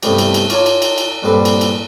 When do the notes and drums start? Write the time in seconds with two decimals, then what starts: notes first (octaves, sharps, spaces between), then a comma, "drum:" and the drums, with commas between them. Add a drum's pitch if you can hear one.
0.03 G2 C3 A3 B3 G4, drum: cymbal
0.18 drum: cymbal
0.34 drum: cymbal
0.50 F4 C#5 A5 A#5 D6, drum: cymbal
0.66 drum: cymbal
0.82 drum: cymbal
0.98 drum: cymbal
1.22 A#1 G2 C4 A4 B4 D5
1.45 drum: cymbal
1.61 drum: cymbal